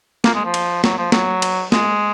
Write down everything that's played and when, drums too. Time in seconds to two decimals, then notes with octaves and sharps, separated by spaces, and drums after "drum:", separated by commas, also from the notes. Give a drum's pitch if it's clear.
0.24 A#3, drum: snare
0.35 G#3
0.45 F3
0.54 drum: cymbal
0.84 F#3, drum: snare
0.98 F3
1.12 F#3, drum: snare
1.42 drum: cymbal
1.72 G#3, drum: snare